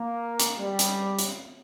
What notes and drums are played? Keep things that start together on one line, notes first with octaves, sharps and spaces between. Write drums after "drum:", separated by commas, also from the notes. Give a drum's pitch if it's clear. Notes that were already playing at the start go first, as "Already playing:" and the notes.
Already playing: A#3
drum: hi-hat
G3
drum: hi-hat
drum: hi-hat